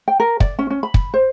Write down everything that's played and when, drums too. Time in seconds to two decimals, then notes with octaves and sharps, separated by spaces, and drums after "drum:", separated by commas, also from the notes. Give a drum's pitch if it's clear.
0.08 G5
0.20 A#4
0.40 D5, drum: kick
0.59 C#4
0.70 C#4
0.83 B5
0.94 drum: kick
1.14 C5